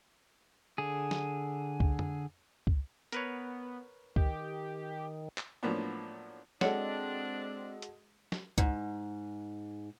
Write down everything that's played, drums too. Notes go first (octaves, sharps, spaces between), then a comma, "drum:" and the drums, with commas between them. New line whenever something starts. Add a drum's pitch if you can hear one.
D3 G#4
drum: snare
drum: kick C#2
drum: tom F2
drum: kick C#2
B3 A#4 B4 C#5, drum: hi-hat
D#3 G4, drum: kick C#2
drum: clap
A2 F3 F#3 A#3 B3 D4
G#3 C4 D4 F#4 A4 C#5 F#5, drum: snare
drum: hi-hat
drum: snare
G#2, drum: kick C#2